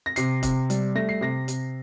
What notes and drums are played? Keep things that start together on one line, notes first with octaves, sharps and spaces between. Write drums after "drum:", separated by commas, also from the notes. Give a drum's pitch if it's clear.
A#6
C3 C7, drum: hi-hat
C3, drum: kick E1, hi-hat
G3, drum: hi-hat
A3 A#6
C7
C3 A#6
C3, drum: hi-hat